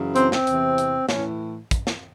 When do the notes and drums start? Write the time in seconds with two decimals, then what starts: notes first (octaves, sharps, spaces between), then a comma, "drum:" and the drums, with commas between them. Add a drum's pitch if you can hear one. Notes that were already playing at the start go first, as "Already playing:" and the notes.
Already playing: F#2 C#3 E3
0.16 C4, drum: hi-hat
0.32 C4, drum: snare
0.47 E2 C3 E3, drum: hi-hat
0.78 drum: hi-hat
1.09 A2 E3 C#4, drum: snare
1.71 drum: kick, hi-hat
1.87 drum: snare